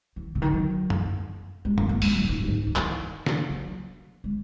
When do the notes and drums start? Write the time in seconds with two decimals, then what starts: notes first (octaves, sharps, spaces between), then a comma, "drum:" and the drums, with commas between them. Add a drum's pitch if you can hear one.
0.16 E3
0.35 C#3
0.42 D#3
0.54 F#3
0.90 drum: tom F#2
1.65 G#3
1.78 A#3, drum: tom F#2
1.89 A#3
2.02 G#3, drum: open hi-hat
2.11 F#3
2.20 A#2
2.29 G#2
2.38 F#2
2.48 G#2
2.67 F#3
2.76 E3, drum: clap
3.26 drum: snare
3.50 F#3
4.24 G#3